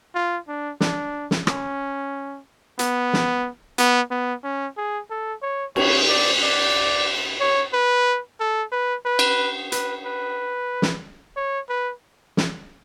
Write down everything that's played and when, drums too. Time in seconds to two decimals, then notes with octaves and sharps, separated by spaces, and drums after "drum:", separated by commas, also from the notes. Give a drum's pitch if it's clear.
0.15 F4
0.48 D4
0.81 D4, drum: snare
1.31 drum: snare
1.47 C#4, drum: rim click
2.79 B3, drum: hi-hat
3.13 drum: snare
3.78 B3, drum: hi-hat
4.11 B3
4.44 C#4
4.77 G#4
5.10 A4
5.42 C#5
5.76 C#5, drum: cymbal
6.08 D5
6.42 D5
7.40 C#5
7.73 B4
8.40 A4
8.72 B4
9.05 B4
9.19 drum: cymbal
9.72 B4, drum: hi-hat
10.05 B4
10.82 drum: snare
11.37 C#5
11.69 B4
12.37 drum: snare